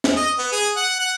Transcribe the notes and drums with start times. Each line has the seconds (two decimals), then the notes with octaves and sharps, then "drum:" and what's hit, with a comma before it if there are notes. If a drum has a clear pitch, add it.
0.04 drum: snare
0.16 D#5
0.38 B3
0.52 G#4
0.76 F#5
0.99 F#5